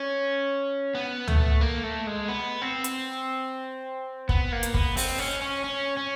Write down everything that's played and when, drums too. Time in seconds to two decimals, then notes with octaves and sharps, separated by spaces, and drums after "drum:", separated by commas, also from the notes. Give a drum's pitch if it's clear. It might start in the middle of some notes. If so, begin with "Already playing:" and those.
Already playing: C#4
0.95 B3
1.28 A3, drum: tom C#2
1.61 A#3
1.83 A3
2.07 G#3
2.28 B3
2.62 C4
2.84 drum: hi-hat
4.29 B3, drum: kick
4.52 A#3
4.63 drum: hi-hat
4.74 B3, drum: kick
4.97 C4, drum: open hi-hat
5.19 C#4
5.42 C#4
5.64 C#4
5.97 C#4